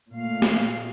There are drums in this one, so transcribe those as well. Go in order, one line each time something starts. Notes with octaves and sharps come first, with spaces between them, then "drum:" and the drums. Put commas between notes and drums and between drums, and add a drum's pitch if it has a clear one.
A#2 A3 F5
drum: snare